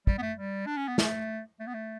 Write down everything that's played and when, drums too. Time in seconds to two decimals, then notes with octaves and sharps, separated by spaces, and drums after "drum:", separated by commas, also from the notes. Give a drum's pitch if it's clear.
0.07 G3, drum: kick
0.18 B3
0.22 A3
0.38 G3
0.66 D4
0.77 C#4
0.88 B3
0.98 A3, drum: snare
1.60 A3
1.67 B3
1.75 A3